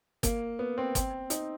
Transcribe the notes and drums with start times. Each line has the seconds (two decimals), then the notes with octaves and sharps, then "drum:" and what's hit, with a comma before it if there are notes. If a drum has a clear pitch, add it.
0.23 A#3, drum: kick G1, hi-hat
0.59 B3
0.78 C4
0.95 C4, drum: kick G1, hi-hat
1.30 D#4, drum: hi-hat